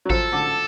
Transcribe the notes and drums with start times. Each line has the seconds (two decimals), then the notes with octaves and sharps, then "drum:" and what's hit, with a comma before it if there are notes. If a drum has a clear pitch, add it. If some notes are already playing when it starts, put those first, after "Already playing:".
0.05 F#3
0.10 F3 A4, drum: kick G#1
0.32 D3